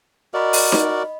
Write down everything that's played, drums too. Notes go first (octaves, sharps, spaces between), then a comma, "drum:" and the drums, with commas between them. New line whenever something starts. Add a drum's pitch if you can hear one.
F#4 A#4 D5 D#5 B5
drum: open hi-hat
drum: snare D#4